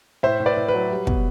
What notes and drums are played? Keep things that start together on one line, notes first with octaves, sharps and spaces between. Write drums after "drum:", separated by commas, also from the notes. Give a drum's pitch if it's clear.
A2 C5 E5
A2
B4 D5
A2
B4
F#3
G3
B2, drum: kick